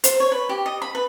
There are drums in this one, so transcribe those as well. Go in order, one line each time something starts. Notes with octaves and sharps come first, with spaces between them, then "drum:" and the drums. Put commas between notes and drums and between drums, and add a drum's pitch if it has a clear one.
C5, drum: hi-hat
C#5
B4
G4
D#5
B5
B4